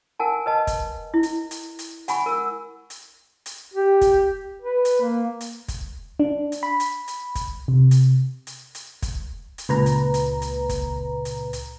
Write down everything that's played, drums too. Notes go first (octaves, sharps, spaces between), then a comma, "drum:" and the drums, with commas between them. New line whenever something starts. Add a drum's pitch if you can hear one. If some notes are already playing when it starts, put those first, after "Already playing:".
A#4 F#5 G#5 A5
B4 D#5 A5
drum: kick, hi-hat
E4
drum: hi-hat
drum: hi-hat
drum: hi-hat
F#5 G#5 B5 C#6, drum: hi-hat
A#4 E6
drum: hi-hat
drum: hi-hat
G4
drum: kick, hi-hat
B4
drum: hi-hat
A#3
drum: hi-hat
drum: kick, hi-hat
D4
drum: hi-hat
B5
drum: hi-hat
drum: hi-hat
drum: kick, hi-hat
C3
drum: hi-hat
drum: hi-hat
drum: hi-hat
drum: kick, hi-hat
drum: hi-hat
C#2 A#2 B4 A#5
drum: hi-hat
drum: hi-hat
drum: hi-hat
drum: kick, hi-hat
drum: hi-hat
drum: hi-hat